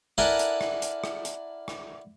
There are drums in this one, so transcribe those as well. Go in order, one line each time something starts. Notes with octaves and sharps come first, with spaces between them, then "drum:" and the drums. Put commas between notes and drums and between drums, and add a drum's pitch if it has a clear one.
D4 E4 A4 A#4 F#5 G#5
drum: hi-hat
drum: rim click
drum: hi-hat
drum: rim click
drum: hi-hat
drum: rim click